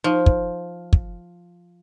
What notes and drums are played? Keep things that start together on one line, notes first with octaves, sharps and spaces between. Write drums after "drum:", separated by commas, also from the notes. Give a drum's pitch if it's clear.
F3 D#4
drum: kick
drum: kick